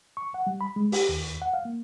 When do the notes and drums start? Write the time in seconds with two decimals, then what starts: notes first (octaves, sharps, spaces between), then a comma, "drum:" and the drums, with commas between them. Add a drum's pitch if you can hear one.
0.17 C#6
0.34 F#5
0.47 G3
0.61 B5
0.76 G#3
0.92 G4, drum: open hi-hat
1.09 D#2
1.42 F#5
1.53 F5
1.65 A#3